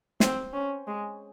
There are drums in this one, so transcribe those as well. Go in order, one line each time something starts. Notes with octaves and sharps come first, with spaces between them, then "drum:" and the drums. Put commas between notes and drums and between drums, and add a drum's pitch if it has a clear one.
C4, drum: snare
C#4
G#3